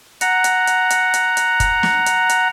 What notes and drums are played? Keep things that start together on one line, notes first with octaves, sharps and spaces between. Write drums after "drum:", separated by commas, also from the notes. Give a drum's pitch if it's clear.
F#5 A#5, drum: hi-hat
drum: hi-hat
drum: hi-hat
drum: hi-hat
drum: hi-hat
drum: hi-hat
drum: kick, hi-hat
drum: snare
drum: hi-hat
drum: hi-hat